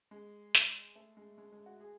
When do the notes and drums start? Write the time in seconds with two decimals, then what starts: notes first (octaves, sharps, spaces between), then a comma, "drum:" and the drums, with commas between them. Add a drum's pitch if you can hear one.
0.11 G#3
0.55 drum: snare
0.95 A3
1.17 G#3
1.38 G#3
1.52 G#3
1.66 F#4
1.80 G#4